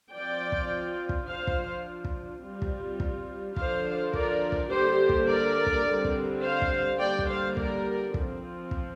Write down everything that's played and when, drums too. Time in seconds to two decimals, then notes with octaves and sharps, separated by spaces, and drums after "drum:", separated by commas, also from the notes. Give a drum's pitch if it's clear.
0.13 F3 C4 F4 D5 G5
0.52 drum: kick
1.09 drum: kick
1.28 F3 D4 F4 C5 F5
1.47 drum: kick
2.05 drum: kick
2.42 G3 C4 F4
2.62 drum: kick
3.00 drum: kick
3.56 D3 F3 D4 F4 C5 F5, drum: kick
4.14 A#4 D5, drum: kick
4.52 drum: kick
4.71 D3 G3 A#3 D4 G4 C5
5.09 drum: kick
5.28 A#4 D5
5.66 drum: kick
5.85 D3 G3 C4
6.05 drum: kick
6.43 C5 F5
6.62 drum: kick
6.99 D3 G3 A#3 D5 G5
7.19 drum: kick
7.28 C5 F5
7.57 A#4 D5, drum: kick
8.14 F3 C4 F4, drum: kick
8.71 drum: kick